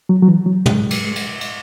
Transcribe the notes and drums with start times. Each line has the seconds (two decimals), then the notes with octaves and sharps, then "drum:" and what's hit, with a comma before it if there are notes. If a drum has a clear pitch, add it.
0.09 F#3
0.22 F#3
0.28 E3
0.46 F#3
0.66 G#3, drum: tom
0.90 drum: cymbal
1.16 drum: cymbal
1.41 drum: cymbal